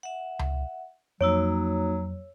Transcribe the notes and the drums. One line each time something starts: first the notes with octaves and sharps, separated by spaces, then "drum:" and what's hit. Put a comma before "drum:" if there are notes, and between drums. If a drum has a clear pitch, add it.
E5 F#5
drum: tom C#2
F2 F#3 A#3 D#4 F#4 C#5 E6